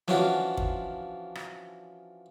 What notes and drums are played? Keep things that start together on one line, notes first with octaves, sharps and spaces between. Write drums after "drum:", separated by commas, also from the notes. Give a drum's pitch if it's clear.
E3 F3 C#4 D4 F4 F#4, drum: snare
drum: kick
drum: rim click